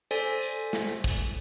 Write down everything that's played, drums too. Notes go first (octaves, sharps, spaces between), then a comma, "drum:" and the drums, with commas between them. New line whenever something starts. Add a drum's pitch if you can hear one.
A4 C5 D5 G#5 B6
drum: tambourine
drum: snare
drum: kick, tambourine